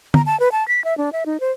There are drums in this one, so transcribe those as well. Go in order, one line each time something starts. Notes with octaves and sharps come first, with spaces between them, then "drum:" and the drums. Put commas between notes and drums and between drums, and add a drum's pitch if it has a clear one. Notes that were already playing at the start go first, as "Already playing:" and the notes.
A#5, drum: tom
A5
B4
A5
B6
E5
D4
E5
D#4
C5